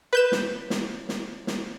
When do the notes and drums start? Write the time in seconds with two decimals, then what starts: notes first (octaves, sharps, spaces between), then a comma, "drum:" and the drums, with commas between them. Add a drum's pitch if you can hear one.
0.13 B4 G6 E7
0.32 drum: snare
0.70 drum: snare
1.09 drum: snare
1.47 drum: snare